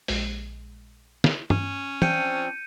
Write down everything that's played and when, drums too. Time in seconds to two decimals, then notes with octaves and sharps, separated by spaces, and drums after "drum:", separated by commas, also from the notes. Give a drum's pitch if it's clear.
0.08 A#1 G#3, drum: open hi-hat
1.24 drum: snare
1.50 C#4, drum: tom
2.02 F3 C4 D4 G6 C#7 D#7, drum: tom